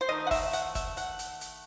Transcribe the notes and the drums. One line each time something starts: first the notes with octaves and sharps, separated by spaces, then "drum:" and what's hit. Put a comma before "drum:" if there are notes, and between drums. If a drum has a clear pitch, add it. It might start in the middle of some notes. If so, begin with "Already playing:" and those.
C5
D#3 A3 D#4 D#5
F#5
E5, drum: kick, open hi-hat
F#5, drum: hi-hat
E5, drum: kick, hi-hat
F#5, drum: hi-hat
drum: hi-hat
drum: hi-hat